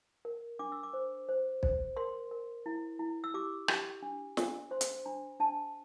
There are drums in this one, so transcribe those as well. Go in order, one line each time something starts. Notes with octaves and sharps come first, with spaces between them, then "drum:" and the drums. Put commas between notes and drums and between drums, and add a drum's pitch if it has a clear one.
A#4
D4 D6
E6
D6
C5
C5
C5, drum: kick B1
A#4 C6
A#4
E4
E4
E6
G4 D6
G4, drum: rim click
D4
D4, drum: snare
C5 C6
drum: hi-hat
D4 A#5
D4 A5